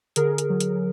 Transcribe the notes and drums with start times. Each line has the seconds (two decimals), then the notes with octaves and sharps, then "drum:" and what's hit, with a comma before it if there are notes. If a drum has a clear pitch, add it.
0.16 D3 G#4 A#4, drum: hi-hat
0.38 drum: hi-hat
0.50 F#3
0.60 drum: hi-hat